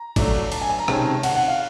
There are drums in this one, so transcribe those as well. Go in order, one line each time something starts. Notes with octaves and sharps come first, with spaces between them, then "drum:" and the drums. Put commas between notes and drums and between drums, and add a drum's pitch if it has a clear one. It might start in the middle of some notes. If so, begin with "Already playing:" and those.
Already playing: A#5
F#3 A3 D4, drum: kick, cymbal
A5, drum: cymbal
G#5
A5
A#5
C3 D#3 G#3 C#4 A5, drum: rim click
F#5, drum: cymbal
F#5
F5